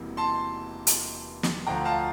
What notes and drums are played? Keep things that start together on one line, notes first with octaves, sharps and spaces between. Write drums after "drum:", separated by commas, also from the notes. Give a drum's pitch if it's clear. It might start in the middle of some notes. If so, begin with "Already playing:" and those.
Already playing: E1 E2 C3 E3 A#3
A5 C6
drum: hi-hat
drum: snare
D2 D3 F3 G5 A#5
F5 A5